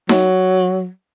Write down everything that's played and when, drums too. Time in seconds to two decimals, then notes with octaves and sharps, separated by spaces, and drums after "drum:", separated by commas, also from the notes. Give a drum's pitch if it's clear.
0.09 F#3, drum: snare D#4